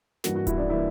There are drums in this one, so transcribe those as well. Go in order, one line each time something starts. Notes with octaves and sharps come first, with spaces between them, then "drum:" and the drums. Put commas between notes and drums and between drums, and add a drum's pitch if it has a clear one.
G2 E3 A#3 F#4, drum: snare
F#4
E4, drum: kick D1, hi-hat
D4
E3 A#3 E4